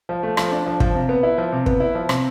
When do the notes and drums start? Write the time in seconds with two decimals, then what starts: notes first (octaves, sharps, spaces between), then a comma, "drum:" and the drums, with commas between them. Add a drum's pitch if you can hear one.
0.09 F3
0.23 A3
0.37 F3, drum: rim click
0.52 D4
0.66 F3
0.80 F3, drum: kick
0.95 C3
1.09 B3
1.23 E4
1.38 F3
1.53 C3
1.66 B3, drum: kick
1.80 E4
1.95 F3
2.09 C3, drum: rim click